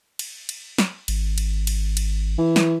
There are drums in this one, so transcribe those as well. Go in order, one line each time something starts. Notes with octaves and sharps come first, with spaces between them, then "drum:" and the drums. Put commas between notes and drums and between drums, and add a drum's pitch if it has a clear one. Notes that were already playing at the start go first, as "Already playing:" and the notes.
drum: cymbal
drum: cymbal
drum: snare
G#1, drum: cymbal
drum: cymbal
drum: cymbal
drum: cymbal
E3
drum: snare